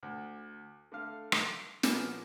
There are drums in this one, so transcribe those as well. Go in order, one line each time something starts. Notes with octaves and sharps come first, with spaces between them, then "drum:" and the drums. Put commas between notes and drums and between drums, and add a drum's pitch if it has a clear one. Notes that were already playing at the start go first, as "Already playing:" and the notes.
D2
D3 A3 F5
drum: rim click
A#2 F3 A#3 B3 G#4 D6, drum: snare